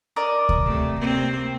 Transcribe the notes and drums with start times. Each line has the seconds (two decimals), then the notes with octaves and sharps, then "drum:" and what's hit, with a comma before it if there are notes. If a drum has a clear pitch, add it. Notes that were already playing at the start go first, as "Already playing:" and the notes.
0.16 A#4 D5 D#5
0.49 drum: kick D2
0.66 C3 A3
1.00 C3 A#3 C4